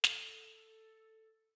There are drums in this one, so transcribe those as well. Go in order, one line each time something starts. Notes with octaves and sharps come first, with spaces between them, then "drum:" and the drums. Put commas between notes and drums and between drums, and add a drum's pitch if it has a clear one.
A4, drum: snare